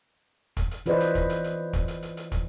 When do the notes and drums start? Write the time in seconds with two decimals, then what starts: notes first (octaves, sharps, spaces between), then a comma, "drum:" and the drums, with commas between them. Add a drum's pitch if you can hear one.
0.57 drum: kick, hi-hat
0.71 drum: hi-hat
0.86 E3 F4 B4 C5 D5 D#5, drum: hi-hat
1.00 drum: hi-hat
1.15 drum: kick, hi-hat
1.30 drum: hi-hat
1.44 drum: hi-hat
1.73 drum: kick, hi-hat
1.88 drum: hi-hat
2.02 drum: hi-hat
2.17 drum: hi-hat
2.32 drum: kick, hi-hat